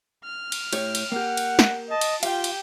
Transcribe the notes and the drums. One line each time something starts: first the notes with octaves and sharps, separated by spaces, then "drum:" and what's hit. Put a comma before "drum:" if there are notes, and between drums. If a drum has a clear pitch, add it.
F6
drum: cymbal
A2 G4 C#5, drum: cymbal
drum: cymbal
A#3 G4 F#5
drum: cymbal
drum: snare
D#5 A5
drum: cymbal
F4 G4 F5 G5, drum: cymbal
drum: cymbal